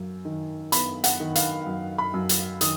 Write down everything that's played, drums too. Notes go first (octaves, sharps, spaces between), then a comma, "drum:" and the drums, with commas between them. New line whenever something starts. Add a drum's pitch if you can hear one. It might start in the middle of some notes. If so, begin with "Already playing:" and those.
Already playing: F#2
D#3
B3 B5, drum: hi-hat
F#5, drum: hi-hat
D#3
F5, drum: hi-hat
F#2
B5
F#2
drum: hi-hat
D#3 D#6, drum: hi-hat